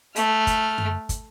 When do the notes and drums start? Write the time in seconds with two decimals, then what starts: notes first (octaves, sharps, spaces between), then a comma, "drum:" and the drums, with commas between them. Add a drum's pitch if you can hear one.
0.16 A3 F6, drum: hi-hat
0.47 drum: kick, hi-hat
0.78 drum: tom F#2
1.09 drum: kick, hi-hat